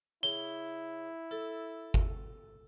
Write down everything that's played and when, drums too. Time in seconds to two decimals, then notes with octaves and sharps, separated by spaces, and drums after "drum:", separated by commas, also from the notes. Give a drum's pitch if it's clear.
0.23 C#3 E4 G7
1.31 A4
1.94 drum: kick G1